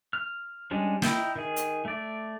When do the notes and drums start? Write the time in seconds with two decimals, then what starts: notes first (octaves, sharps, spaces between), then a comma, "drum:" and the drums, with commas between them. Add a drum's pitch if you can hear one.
0.13 F6
0.71 G3 G#3 C#4 D4
1.02 D#4 E4 G5, drum: snare
1.36 D#3 G#4
1.56 drum: hi-hat
1.85 A3 D5